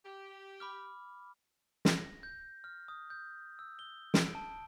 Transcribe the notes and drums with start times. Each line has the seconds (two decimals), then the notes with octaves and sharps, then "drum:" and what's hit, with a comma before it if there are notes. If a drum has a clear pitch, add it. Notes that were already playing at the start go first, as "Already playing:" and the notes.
0.04 G4
0.60 B5 D6 F6
1.85 A#6, drum: snare
2.23 G6
2.64 F6
2.88 D#6
3.10 G6
3.59 E6
3.79 G7
4.14 D7, drum: snare
4.35 A5